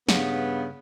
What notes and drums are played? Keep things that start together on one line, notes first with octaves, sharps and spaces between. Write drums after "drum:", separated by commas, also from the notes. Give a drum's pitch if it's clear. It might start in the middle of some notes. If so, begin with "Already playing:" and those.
G2 C#3 B3, drum: snare